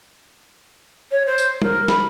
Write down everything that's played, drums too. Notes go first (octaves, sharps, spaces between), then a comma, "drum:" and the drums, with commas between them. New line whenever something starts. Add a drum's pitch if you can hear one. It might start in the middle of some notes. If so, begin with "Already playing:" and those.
C#5
C5
drum: tambourine
A#4, drum: tom
B5, drum: snare